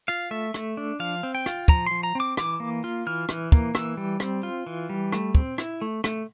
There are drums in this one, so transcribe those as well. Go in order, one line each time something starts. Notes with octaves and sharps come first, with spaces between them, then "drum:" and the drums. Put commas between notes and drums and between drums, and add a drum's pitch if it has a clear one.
F4 F5
A3 E5
A3, drum: rim click
D4
F3 F5
C4
G5
F4, drum: rim click
F3 A#5, drum: kick
F3 C6
A#5
C4 D6
E3 D6, drum: rim click
A#3
F4
E3 F6
E3, drum: rim click
A#3, drum: kick
E3 E6, drum: rim click
G3
C4, drum: rim click
F4
E3
G3
A3, drum: rim click
C4, drum: kick
E4, drum: rim click
A3
A3, drum: rim click